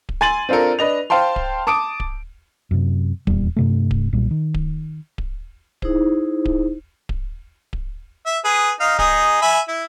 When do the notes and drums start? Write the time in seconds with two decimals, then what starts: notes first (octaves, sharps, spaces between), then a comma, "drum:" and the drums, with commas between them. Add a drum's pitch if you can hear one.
0.09 drum: kick D1
0.21 G#5 C6 A6 D#7 F#7
0.49 C4 D4 F4 A4 A#4
0.79 D4 B4 D#5 F7
1.10 C5 F5 G5 A5 C6
1.36 drum: kick D1
1.67 A5 D6 D#6 D7
2.00 drum: kick D1
2.71 F#2 C3
3.27 D#1 G#1 E2 G3, drum: kick D1
3.56 G2 C3 A3
3.91 drum: kick D1
4.13 B1 A#2 G3
4.31 D#3
4.54 drum: kick D1
5.18 drum: kick D1
5.82 D#4 E4 G#4 C5, drum: kick D1
6.45 drum: kick D1
7.09 drum: kick D1
7.73 drum: kick D1
8.26 E5
8.44 G#4 B4
8.80 D#4 F5
8.99 D#4 G#4, drum: kick D1
9.42 E5 G#5 B5
9.68 E4